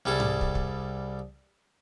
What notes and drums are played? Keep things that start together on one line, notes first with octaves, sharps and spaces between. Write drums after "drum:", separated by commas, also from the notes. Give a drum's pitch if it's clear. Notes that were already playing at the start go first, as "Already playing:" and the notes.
C2 G3 G#4 A4
drum: tom G#2
drum: kick
drum: kick